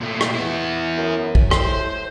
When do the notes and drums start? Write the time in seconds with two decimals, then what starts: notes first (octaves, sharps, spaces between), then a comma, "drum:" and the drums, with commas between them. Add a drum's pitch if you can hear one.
0.01 A#2 A3
0.21 drum: rim click
0.35 B3 E4
0.97 F#2
1.35 drum: kick
1.51 A2 C5, drum: rim click